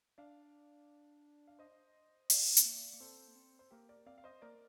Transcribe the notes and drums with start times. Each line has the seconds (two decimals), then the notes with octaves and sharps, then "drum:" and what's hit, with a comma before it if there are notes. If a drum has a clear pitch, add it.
0.18 D4 D5 F5
1.47 F5
1.59 C5 D#5
2.30 D5 F5, drum: open hi-hat
2.57 C4, drum: hi-hat
2.66 A#3
2.93 A#3
3.00 C4 A4 C5
3.28 A#3
3.35 C4
3.59 C5
3.71 A#3 G4 A#4
3.89 A#4 D5
4.06 C4 D5 F5
4.18 F5
4.24 C5 D#5
4.42 A#3 A#4 D5